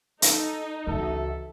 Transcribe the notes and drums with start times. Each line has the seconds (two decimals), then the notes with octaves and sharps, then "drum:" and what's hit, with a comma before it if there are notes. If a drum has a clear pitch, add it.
0.22 D#4 A4, drum: hi-hat
0.87 C#2 E3 D4 F#4 A4 E5